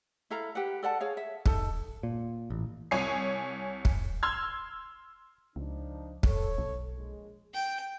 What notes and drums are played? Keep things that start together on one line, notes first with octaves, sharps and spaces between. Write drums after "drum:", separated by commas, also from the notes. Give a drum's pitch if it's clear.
E4 A4 F5 A#5
G4 B4 F#5
A4 D5 F#5 A5
G#4 C#5 F5
E5
D#4 A4 A5, drum: kick
A#2
A1
C2 C#5 G#5 C7
drum: kick
C6 E6 F6 G#6
C#2 F3 D4 D#4
A4 C#5, drum: kick
B1
A#1 G#3
G5